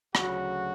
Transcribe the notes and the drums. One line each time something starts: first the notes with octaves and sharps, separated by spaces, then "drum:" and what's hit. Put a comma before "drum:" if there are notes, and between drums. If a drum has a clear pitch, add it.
D2 C#3 F#3 F#4, drum: rim click